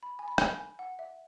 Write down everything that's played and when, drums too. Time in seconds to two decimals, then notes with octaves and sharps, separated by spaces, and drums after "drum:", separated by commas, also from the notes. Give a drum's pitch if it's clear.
0.03 B5
0.19 G#5
0.28 B5
0.38 drum: rim click
0.54 G#5
0.79 F#5
0.99 E5